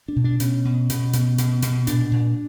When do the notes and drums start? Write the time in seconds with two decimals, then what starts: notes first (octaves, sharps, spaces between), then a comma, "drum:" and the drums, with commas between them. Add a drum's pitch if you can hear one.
0.08 D4
0.16 B2
0.24 D4
0.40 B2 C#4, drum: hi-hat
0.65 B2
0.90 B2, drum: hi-hat
1.13 B2, drum: hi-hat
1.38 B2, drum: hi-hat
1.62 B2, drum: hi-hat
1.87 A#2 D4, drum: hi-hat
2.12 A#2